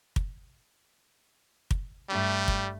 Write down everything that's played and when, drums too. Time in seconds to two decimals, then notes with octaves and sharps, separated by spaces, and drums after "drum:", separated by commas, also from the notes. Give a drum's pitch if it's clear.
0.16 drum: kick
1.71 drum: kick
2.09 G2 G3 A3
2.48 drum: kick